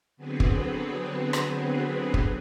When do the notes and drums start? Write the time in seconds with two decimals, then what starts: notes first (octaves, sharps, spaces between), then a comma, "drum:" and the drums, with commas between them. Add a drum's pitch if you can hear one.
0.17 D3 F#3 B3 C4 G#4 B4
0.40 drum: kick
1.33 drum: rim click
2.14 drum: kick